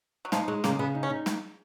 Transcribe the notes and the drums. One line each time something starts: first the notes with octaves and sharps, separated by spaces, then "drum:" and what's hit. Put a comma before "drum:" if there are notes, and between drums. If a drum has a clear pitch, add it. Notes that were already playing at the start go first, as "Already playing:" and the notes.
F#3
F3 D#4, drum: snare
F#3 G#3
C#3 A#3, drum: snare
C#3 B3
D#4
C#4
D#4
drum: snare